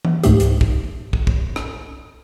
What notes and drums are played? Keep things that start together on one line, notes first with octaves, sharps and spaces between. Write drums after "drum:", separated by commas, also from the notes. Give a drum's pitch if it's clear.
drum: tom E3
C#2 G#2 A3 G4, drum: hi-hat
drum: hi-hat
drum: kick
drum: kick
drum: kick
drum: rim click